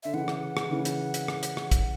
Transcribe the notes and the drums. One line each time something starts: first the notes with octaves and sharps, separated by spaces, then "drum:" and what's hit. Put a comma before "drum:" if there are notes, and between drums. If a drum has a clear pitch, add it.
D3 E5
C#3 E3 F#5
drum: rim click
drum: rim click
C#3 E3
drum: hi-hat
drum: hi-hat
drum: rim click
drum: hi-hat
drum: rim click
drum: kick, hi-hat